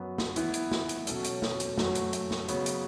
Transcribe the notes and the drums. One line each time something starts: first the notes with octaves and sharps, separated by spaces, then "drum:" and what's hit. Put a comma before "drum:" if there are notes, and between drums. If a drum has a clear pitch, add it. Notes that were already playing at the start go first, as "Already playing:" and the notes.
Already playing: F#2 F#3 B3
drum: snare
E3 B3 E4, drum: hi-hat
drum: hi-hat
drum: snare
drum: hi-hat
B2 F#3 C#4 A4, drum: hi-hat
drum: hi-hat
drum: snare
drum: hi-hat
F#2 F#3 A3 F#4, drum: snare
drum: hi-hat
drum: hi-hat
drum: snare
C#3 F#3 B3, drum: hi-hat
drum: hi-hat